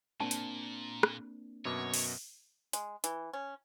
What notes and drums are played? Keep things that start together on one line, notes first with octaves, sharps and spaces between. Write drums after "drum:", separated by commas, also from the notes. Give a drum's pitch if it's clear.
A#2 A#3 C4 D4 A5
drum: hi-hat
drum: rim click
F#2 B2 C#5 D6
drum: open hi-hat
G#3, drum: hi-hat
E3, drum: hi-hat
C#4